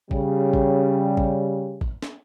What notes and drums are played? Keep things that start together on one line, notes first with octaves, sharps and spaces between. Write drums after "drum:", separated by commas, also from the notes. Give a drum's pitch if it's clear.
C#3 G3, drum: kick A1
drum: kick A1
drum: kick A1
drum: kick A1
drum: snare